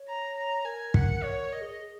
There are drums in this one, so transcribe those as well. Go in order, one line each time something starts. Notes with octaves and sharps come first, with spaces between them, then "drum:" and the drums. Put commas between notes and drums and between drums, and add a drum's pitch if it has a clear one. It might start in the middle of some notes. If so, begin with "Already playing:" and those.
Already playing: C#5
A#5
A#5
A#4 G#5
F#5, drum: kick
C#5
A#4 D#5
G#4
G#4